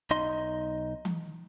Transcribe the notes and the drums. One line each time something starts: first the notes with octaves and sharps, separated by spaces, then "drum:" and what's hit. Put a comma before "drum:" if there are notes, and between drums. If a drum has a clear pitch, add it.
B1 D#4 D#5 C6
drum: tom E3